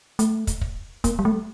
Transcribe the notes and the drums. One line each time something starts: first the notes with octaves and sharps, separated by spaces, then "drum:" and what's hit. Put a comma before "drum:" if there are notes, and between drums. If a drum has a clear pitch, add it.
A3, drum: hi-hat
drum: kick, hi-hat
drum: kick
A#3, drum: kick, hi-hat
G3
A3